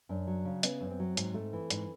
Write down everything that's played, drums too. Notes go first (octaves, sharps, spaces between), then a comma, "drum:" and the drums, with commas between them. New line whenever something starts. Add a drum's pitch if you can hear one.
F#2 D4
F#3
C#3
B3 C#4, drum: hi-hat
F#2
C4
F#3
G#2, drum: hi-hat
A3
E3
G#2, drum: hi-hat